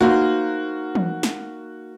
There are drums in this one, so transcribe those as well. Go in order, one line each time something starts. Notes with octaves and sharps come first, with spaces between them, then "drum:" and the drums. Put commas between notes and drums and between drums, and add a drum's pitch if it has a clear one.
A#3 D#4 F#4 C5
drum: tom E3
drum: snare